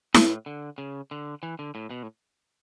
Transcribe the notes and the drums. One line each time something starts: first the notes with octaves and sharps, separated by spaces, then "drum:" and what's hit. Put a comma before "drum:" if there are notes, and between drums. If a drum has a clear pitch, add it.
A2, drum: snare E4
D3
C#3
D3
E3
D3
A2
B2
A2